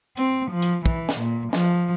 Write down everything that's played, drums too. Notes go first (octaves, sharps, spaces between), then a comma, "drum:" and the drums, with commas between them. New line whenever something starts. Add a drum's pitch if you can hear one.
C4, drum: hi-hat
F3
drum: hi-hat
E3, drum: kick
drum: snare
A#2
F3, drum: snare